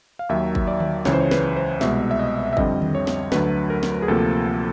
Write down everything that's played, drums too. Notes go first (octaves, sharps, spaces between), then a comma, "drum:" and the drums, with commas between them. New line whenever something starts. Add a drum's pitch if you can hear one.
F5
D#2 D#3 F#3 E5
drum: kick
D5
drum: tom D3
C#2 C#3 E3 C#5, drum: snare
C5
C#5
B4, drum: snare
C5
C2 B2 G#3 E5, drum: snare
E5
D#5
E5
F2 D3 G3 C4 D#5, drum: kick
drum: tom D3
C#5
drum: snare
D2 D3 F#3 A3 B4, drum: snare
A#4
drum: snare
G#4
D2 C3 F3 A#3 A4